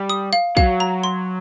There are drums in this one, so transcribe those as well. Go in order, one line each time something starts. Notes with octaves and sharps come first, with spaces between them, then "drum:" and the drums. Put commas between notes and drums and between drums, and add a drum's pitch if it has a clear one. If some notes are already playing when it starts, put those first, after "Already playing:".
Already playing: G3
D#6
F5
F#3 F5, drum: kick
A#5
C6